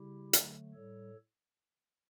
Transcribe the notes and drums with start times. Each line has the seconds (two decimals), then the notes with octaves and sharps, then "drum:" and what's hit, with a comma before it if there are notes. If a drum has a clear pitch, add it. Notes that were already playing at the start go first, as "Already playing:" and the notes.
Already playing: C#3 G3 E4 G4
0.33 D3 F#3 A3, drum: hi-hat
0.74 A2 G3 A4 C#5